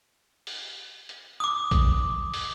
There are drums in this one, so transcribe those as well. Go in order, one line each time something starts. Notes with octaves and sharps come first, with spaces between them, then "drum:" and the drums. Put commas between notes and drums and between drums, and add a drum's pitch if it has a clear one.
drum: open hi-hat
drum: hi-hat
D6 D#6
drum: kick A#1, hi-hat
drum: open hi-hat